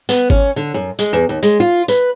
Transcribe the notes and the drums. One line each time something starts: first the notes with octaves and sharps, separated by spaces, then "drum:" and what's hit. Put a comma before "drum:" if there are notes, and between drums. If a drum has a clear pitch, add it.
B3, drum: tambourine
C#4, drum: kick G#1
D3
F#2
G#3, drum: tambourine
E2
D#2
G#3, drum: tambourine
F4
B4, drum: tambourine